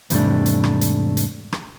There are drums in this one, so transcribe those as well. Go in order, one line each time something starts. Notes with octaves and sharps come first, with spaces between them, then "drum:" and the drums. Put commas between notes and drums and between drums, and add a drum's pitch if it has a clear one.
E2 G#2 C3 G3 A3 D4, drum: hi-hat
drum: hi-hat
drum: rim click
drum: hi-hat
drum: hi-hat
drum: rim click